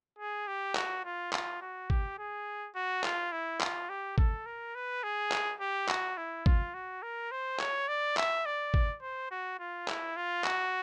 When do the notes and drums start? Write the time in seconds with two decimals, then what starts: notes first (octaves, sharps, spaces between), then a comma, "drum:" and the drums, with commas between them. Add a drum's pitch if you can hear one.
0.19 G#4
0.47 G4
0.75 F#4, drum: clap
1.05 F4
1.33 F4, drum: clap
1.62 F#4
1.90 G4, drum: kick G#1
2.19 G#4
2.76 F#4
3.04 F4, drum: clap
3.32 E4
3.61 F4, drum: clap
3.89 G4
4.18 A4, drum: kick G#1
4.46 A#4
4.75 B4
5.03 G#4
5.32 drum: clap
5.60 G4
5.89 F#4, drum: clap
6.17 E4
6.46 F4, drum: kick G#1
6.74 F#4
7.03 A#4
7.32 C5
7.60 C#5, drum: clap
7.88 D5
8.17 E5, drum: clap
8.45 D5
8.74 drum: kick G#1
9.02 C5
9.31 F#4
9.59 F4
9.88 E4, drum: clap
10.17 F4
10.44 F#4, drum: clap